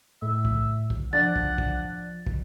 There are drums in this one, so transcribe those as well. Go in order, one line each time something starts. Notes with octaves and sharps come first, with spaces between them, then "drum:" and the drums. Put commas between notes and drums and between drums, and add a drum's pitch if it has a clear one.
A2 E5
drum: kick
drum: kick
F3 D4 F#5 A6
drum: kick
drum: kick
drum: kick